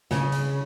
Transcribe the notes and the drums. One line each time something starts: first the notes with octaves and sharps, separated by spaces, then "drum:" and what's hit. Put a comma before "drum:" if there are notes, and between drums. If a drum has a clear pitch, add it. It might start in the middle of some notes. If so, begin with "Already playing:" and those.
C#3, drum: snare
drum: hi-hat